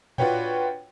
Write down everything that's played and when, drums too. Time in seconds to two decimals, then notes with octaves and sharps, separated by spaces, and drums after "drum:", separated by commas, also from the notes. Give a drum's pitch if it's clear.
0.18 D4 F4 F#4 B4 C#5 G5, drum: tom A2